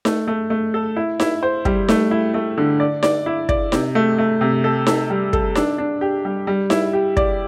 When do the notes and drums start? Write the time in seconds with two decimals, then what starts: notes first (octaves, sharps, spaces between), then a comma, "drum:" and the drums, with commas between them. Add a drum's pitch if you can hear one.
0.05 A3, drum: snare D#4
0.28 A3
0.50 A3
0.74 A4
0.96 E4
1.20 E4, drum: snare D#4
1.43 C5
1.65 G3, drum: kick
1.88 A3, drum: snare D#4
2.11 E4
2.34 A3
2.57 D3
2.80 D5
3.03 D5, drum: snare D#4
3.26 E4
3.49 D5, drum: kick
3.72 C3, drum: snare D#4
3.95 A3
4.18 A3
4.41 C3
4.64 A4
4.87 A4, drum: snare D#4
5.10 G3
5.33 A4, drum: kick
5.55 D4, drum: snare D#4
5.78 D4
6.01 G4
6.25 G3
6.47 G3
6.70 E4, drum: snare D#4
6.93 G4
7.17 D5, drum: kick